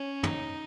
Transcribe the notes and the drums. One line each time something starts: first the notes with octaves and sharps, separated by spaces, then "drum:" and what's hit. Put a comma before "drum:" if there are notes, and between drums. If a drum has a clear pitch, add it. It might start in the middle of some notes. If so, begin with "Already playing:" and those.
Already playing: C#4
D#4, drum: tom